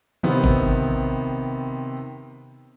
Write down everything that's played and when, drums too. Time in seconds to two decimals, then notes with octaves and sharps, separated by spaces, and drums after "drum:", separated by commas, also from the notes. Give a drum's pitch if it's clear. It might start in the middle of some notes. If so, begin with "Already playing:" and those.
0.23 C3 D#3 B3 C4, drum: tom E3
0.44 drum: kick G#1